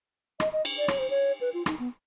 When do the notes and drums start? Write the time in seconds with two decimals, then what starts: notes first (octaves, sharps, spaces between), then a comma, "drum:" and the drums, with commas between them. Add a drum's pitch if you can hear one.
0.40 D#5, drum: rim click
0.53 D#5
0.65 drum: cymbal
0.78 D5
0.88 C#5, drum: rim click
0.99 C5
1.10 C#5
1.41 B4
1.54 F4
1.66 D#4, drum: rim click
1.79 B3